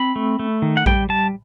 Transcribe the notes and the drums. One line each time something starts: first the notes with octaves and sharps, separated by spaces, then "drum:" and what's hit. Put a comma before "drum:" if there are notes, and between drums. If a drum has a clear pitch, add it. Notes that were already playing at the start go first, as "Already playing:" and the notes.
Already playing: C4 B5
A3
A3
D#3
F#5
G3 G5, drum: kick A#1
G3 A5